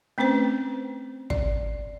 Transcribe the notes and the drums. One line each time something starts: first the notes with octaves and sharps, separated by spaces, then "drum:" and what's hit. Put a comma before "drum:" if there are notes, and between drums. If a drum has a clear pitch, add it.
A3 C4 C#4 B4 C5
D5, drum: kick